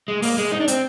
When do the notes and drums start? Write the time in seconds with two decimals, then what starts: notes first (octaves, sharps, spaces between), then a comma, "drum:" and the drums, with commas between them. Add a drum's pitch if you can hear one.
0.08 G#3
0.22 A#3, drum: open hi-hat
0.38 G#3
0.52 D#4
0.60 D4
0.68 C4, drum: hi-hat